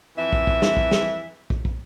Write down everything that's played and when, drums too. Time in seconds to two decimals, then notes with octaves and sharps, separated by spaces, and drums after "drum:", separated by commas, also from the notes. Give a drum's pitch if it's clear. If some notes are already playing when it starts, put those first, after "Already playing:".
0.18 F2 E3 E5
0.33 drum: kick
0.47 drum: kick
0.62 drum: snare
0.77 drum: kick
0.91 drum: snare
1.50 drum: kick
1.65 drum: kick